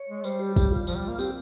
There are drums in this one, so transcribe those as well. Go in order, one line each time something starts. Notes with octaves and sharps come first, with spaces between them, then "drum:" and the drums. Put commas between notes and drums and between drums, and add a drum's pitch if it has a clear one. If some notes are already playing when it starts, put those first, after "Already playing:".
Already playing: C#5
G#3
G3 C5, drum: tambourine
G4
G4, drum: kick, tambourine
F4
F3, drum: tambourine
G3
A#3
C4 G4, drum: tambourine